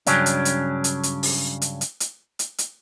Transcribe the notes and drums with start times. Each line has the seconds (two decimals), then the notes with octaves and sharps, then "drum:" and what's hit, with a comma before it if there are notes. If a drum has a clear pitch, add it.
0.07 G2 C#3 F#3 C#4 D4, drum: hi-hat
0.26 drum: hi-hat
0.45 drum: hi-hat
0.84 drum: hi-hat
1.03 drum: hi-hat
1.23 drum: open hi-hat
1.62 drum: hi-hat
1.81 drum: hi-hat
2.00 drum: hi-hat
2.39 drum: hi-hat
2.58 drum: hi-hat